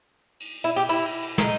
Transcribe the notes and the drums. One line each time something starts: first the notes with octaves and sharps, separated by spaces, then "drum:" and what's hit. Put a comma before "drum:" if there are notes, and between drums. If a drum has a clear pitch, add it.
drum: cymbal
E4
G4
E4, drum: cymbal
drum: cymbal
drum: cymbal
D#4, drum: snare